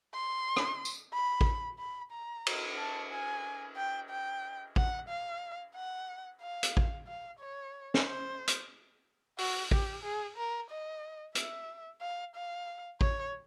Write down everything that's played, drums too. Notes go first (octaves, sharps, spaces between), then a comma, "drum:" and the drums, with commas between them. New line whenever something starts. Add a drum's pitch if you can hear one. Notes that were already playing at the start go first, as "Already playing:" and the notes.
C6
drum: rim click
drum: tambourine
B5
drum: kick A1
B5
A#5
drum: cymbal
A5
G#5
G5
G5
F#5, drum: kick A1
F5
F#5
F5
drum: hi-hat
drum: kick A1
F5
C#5
drum: snare
C5
drum: hi-hat
F#4, drum: open hi-hat
G4, drum: kick A1
G#4
A#4
D#5
E5, drum: hi-hat
F5
F5
C#5, drum: kick A1